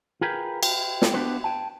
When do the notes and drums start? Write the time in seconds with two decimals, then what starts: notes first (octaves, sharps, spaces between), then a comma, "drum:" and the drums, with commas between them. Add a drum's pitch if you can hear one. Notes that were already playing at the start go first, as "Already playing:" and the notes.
0.21 F4 G#4 A#4 B4 G5
0.63 G5, drum: cymbal
1.02 drum: snare
1.14 B3 D4 F#4 G4 B4 C5
1.44 G5 A5